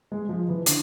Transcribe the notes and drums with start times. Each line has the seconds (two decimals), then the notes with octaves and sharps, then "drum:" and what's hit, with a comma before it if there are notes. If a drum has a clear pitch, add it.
0.12 G#3
0.29 F3
0.48 E3
0.66 D3, drum: hi-hat